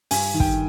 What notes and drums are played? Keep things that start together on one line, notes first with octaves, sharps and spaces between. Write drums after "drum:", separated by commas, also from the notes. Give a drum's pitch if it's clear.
G2 G#5, drum: open hi-hat
D#3
G5, drum: kick